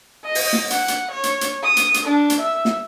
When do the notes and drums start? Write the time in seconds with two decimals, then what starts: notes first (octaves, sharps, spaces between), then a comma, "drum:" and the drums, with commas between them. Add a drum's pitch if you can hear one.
0.24 D#5
0.35 drum: open hi-hat
0.53 drum: snare
0.70 F#5, drum: hi-hat
0.88 drum: hi-hat
1.11 C#5
1.23 drum: hi-hat
1.41 drum: hi-hat
1.62 D#6
1.77 drum: hi-hat
1.94 drum: hi-hat
2.06 D4
2.30 drum: hi-hat
2.40 E5
2.65 drum: snare